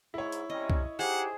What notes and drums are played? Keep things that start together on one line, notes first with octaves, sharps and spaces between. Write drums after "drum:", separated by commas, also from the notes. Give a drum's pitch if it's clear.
G#2 E4 C#5
drum: hi-hat
C3 G3 C#4 D#5
drum: kick C2
D#4 G4 G#4 C5 F#5